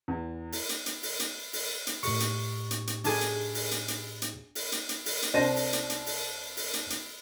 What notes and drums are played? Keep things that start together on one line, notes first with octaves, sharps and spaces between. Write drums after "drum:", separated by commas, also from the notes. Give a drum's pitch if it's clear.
E2
drum: open hi-hat
drum: hi-hat
drum: hi-hat
drum: open hi-hat
drum: hi-hat
drum: open hi-hat
drum: hi-hat
A2 G4 C#6, drum: open hi-hat
drum: hi-hat
drum: hi-hat
drum: hi-hat
D4 G#4, drum: open hi-hat
drum: hi-hat
drum: open hi-hat
drum: hi-hat
drum: hi-hat
drum: hi-hat
drum: open hi-hat
drum: hi-hat
drum: hi-hat
drum: open hi-hat
drum: hi-hat
C2 D4 C5 A#6 D#7
drum: open hi-hat
drum: hi-hat
drum: hi-hat
drum: open hi-hat
drum: open hi-hat
drum: hi-hat
drum: hi-hat